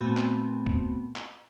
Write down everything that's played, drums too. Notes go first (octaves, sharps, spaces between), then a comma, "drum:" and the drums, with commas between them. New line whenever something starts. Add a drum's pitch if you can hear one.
A#2 A3 B3 C4 F#4
drum: clap
drum: kick C2
drum: clap